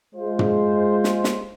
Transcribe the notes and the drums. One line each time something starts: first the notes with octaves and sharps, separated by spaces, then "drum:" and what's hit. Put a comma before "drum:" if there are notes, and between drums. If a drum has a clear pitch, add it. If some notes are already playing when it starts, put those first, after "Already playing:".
G#3 F4 C5
drum: tom
drum: snare
drum: snare